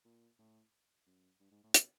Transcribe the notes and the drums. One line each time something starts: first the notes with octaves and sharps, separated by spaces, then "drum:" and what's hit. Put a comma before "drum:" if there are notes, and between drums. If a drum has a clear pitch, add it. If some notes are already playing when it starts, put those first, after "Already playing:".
A#2
A2
F#2
G2
G#2
A2
B2, drum: hi-hat